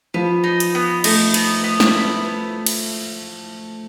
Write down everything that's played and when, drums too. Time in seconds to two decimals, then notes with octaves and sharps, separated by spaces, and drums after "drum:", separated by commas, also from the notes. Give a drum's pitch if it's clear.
0.14 F3 B3
0.44 D#4
0.60 drum: hi-hat
0.75 B3
1.04 A3 D#4, drum: cymbal
1.34 B3, drum: cymbal
1.64 B3
1.80 drum: snare
1.94 E4
2.25 B3
2.66 drum: cymbal